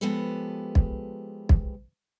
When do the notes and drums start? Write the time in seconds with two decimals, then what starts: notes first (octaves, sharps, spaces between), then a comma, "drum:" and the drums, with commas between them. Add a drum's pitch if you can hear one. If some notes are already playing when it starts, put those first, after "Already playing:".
0.01 F3 G#3 B3 G4 A4 B4
0.75 drum: kick
1.49 drum: kick